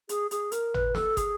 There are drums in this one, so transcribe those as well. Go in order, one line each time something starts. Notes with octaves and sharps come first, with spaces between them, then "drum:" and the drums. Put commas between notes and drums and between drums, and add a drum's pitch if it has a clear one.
G#4, drum: hi-hat
G#4, drum: hi-hat
A#4, drum: hi-hat
B4, drum: tom G#1
A4, drum: snare
G#4, drum: kick, hi-hat